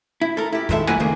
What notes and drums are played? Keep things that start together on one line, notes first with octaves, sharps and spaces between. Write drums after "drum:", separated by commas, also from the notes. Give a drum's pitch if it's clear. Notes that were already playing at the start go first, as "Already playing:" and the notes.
E4
A4 A#4
E4 G4
G2 D#3 G#3 A4 E5, drum: kick
D#2 F#3 A#3 E4 F#5 G#5, drum: snare
C#2 D#3 A3 A#3 G#4